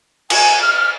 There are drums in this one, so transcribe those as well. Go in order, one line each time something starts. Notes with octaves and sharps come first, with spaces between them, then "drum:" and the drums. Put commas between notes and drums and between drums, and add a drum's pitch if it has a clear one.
G#5, drum: cymbal
F6